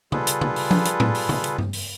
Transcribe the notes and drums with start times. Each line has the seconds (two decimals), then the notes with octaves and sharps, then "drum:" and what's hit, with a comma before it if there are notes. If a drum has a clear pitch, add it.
0.12 G3 F4 G#4 A4 B4, drum: tom C#3
0.27 drum: hi-hat
0.41 drum: tom C#3
0.56 drum: open hi-hat
0.71 drum: tom F3
0.85 drum: hi-hat
1.00 drum: tom A2
1.15 drum: open hi-hat
1.29 drum: tom C#3
1.44 drum: hi-hat
1.58 drum: tom G2
1.73 drum: open hi-hat